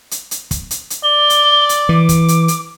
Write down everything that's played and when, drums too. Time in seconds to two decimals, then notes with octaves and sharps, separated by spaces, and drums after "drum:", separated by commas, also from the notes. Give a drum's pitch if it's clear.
0.11 drum: hi-hat
0.31 drum: hi-hat
0.51 drum: kick, hi-hat
0.71 drum: hi-hat
0.90 drum: hi-hat
1.04 D5 G7
1.30 drum: hi-hat
1.69 drum: hi-hat
1.89 E3 D6
2.09 drum: kick, hi-hat
2.28 drum: hi-hat
2.48 drum: hi-hat